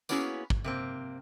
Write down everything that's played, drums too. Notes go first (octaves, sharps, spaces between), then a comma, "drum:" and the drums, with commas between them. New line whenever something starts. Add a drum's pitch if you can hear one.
A#3 B3 C#4 E4 F#4 G#4, drum: tambourine
drum: kick
C3 A#3 C4